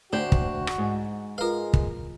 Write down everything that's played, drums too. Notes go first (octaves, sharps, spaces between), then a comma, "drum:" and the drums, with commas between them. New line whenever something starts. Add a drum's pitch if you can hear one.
D2 D4 F#4 C5 G5
drum: kick
drum: rim click
G#2
G#3 F4 A#4 B4 F5
drum: kick